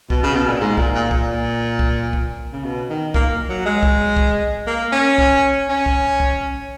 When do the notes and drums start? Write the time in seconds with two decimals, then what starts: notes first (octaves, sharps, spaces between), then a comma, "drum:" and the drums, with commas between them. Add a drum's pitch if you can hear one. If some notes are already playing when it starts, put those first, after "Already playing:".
0.10 B2, drum: kick C2
0.23 C#3
0.35 B2
0.48 A#2
0.61 G#2
0.77 A#2, drum: kick C2
0.95 A#2
1.11 A#2, drum: kick C2
1.79 drum: kick C2
2.13 drum: kick C2
2.53 C#3
2.64 B2
2.90 D#3
3.14 A#3, drum: kick C2
3.49 F#3
3.66 G#3
3.83 drum: kick C2
4.17 drum: kick C2
4.67 A#3
4.93 C#4
5.18 drum: kick C2
5.69 C#4
5.86 drum: kick C2
6.20 drum: kick C2